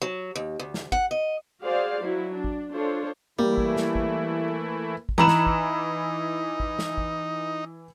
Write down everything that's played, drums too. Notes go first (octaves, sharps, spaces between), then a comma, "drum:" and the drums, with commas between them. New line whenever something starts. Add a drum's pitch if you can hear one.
F#3
D#2
D2
drum: snare
F#5, drum: kick
D#5
F#4 G#4 C5 D5 F5
F#3 E4
D4
drum: kick
D4 F4 A4 C5 C#5
E3 G3 A3 A#3 E4
drum: kick
drum: snare
drum: kick
drum: kick
E3 D#4 F#5 A#5 B5 E7
drum: snare
drum: kick
drum: kick
drum: snare
drum: kick